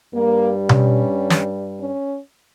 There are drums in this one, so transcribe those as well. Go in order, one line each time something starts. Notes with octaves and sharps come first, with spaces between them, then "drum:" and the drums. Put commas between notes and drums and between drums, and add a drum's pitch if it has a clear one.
G2 G3 A#3
C#4, drum: tom B2
drum: snare
C#4